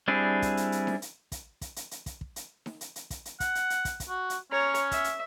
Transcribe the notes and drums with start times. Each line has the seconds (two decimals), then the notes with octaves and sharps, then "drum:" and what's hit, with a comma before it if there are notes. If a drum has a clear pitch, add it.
0.08 G3 C4 D4 E4 G#4
0.42 drum: kick, hi-hat
0.57 drum: hi-hat
0.72 drum: hi-hat
0.87 drum: snare D#4
1.02 drum: hi-hat
1.32 drum: kick, hi-hat
1.62 drum: kick, hi-hat
1.76 drum: hi-hat
1.91 drum: hi-hat
2.06 drum: kick, hi-hat
2.21 drum: kick
2.36 drum: hi-hat
2.66 drum: snare D#4
2.81 drum: hi-hat
2.96 drum: hi-hat
3.11 drum: kick, hi-hat
3.25 drum: hi-hat
3.40 F#5, drum: kick, hi-hat
3.55 drum: hi-hat
3.70 drum: hi-hat
3.85 drum: kick, hi-hat
4.00 drum: kick, hi-hat
4.09 F#4
4.30 drum: hi-hat
4.52 C#4 C#5 A#5
4.74 drum: hi-hat
4.91 E5, drum: kick, hi-hat
5.04 drum: hi-hat